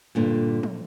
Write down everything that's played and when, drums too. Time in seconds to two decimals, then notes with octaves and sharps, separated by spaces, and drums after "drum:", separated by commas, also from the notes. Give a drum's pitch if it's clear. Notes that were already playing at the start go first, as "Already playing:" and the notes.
0.15 G2 A#2 D3
0.63 drum: tom